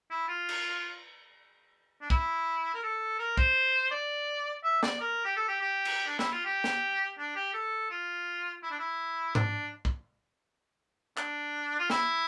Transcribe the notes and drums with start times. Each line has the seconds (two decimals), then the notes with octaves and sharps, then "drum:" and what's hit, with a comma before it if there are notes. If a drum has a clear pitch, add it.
0.11 E4
0.28 F4
0.49 drum: cymbal
2.02 D4
2.10 E4, drum: kick
2.75 A#4
2.83 A4
3.19 A#4
3.37 C5, drum: kick
3.91 D5
4.64 E5
4.83 D5, drum: snare
5.01 A#4
5.25 G4
5.37 A4
5.48 G4
5.61 G4
5.85 drum: cymbal
6.06 D4
6.19 E4, drum: snare
6.32 F4
6.45 G4
6.64 drum: snare
7.18 D4
7.36 G4
7.54 A4
7.91 F4
8.63 E4
8.71 D4
8.79 E4
9.35 D4, drum: tom G#2
9.85 drum: kick
11.17 D4, drum: clap
11.79 F4
11.90 E4, drum: snare